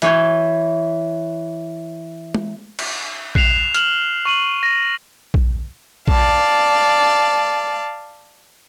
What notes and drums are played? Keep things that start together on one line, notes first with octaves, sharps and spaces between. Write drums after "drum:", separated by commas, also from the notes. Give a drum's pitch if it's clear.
E3 C#5 G6, drum: hi-hat
drum: tom G#3
drum: cymbal
F#6 C7 E7 F7, drum: kick A#1
F6 E7 F#7, drum: hi-hat
C#6 D#7 F#7
A#6
drum: kick A#1
D5 F5 A5, drum: kick A#1